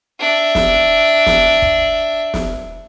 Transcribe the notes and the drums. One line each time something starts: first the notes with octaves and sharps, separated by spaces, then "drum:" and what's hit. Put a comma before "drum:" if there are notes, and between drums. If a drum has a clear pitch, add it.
D4 E5
drum: snare
drum: snare
drum: kick
drum: snare